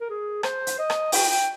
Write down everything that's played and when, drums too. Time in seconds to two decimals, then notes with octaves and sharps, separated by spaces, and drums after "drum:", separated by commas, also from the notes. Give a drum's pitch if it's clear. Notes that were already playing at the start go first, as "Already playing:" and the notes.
0.01 A#4
0.10 G#4
0.43 C5, drum: rim click
0.67 drum: hi-hat
0.79 D#5
0.90 drum: rim click
1.12 G5, drum: open hi-hat
1.30 G5